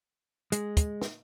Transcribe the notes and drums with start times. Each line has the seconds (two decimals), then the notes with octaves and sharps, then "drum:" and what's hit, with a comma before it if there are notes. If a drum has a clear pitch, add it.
0.52 G#3, drum: hi-hat
0.77 drum: kick, hi-hat
1.02 drum: snare